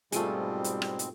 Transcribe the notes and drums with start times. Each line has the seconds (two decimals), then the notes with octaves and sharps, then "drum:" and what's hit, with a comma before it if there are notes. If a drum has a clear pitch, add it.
0.12 G#2 B2 G3 A3 C4 F4 G#4, drum: hi-hat
0.64 drum: hi-hat
0.82 drum: rim click
0.99 drum: hi-hat